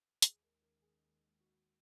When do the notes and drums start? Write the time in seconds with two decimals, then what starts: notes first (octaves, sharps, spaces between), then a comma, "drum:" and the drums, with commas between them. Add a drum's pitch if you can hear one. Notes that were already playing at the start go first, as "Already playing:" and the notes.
0.22 D#2 D#3 G#3 G#4, drum: hi-hat
0.43 A#4
0.62 A#4
0.82 G#4
1.41 F#4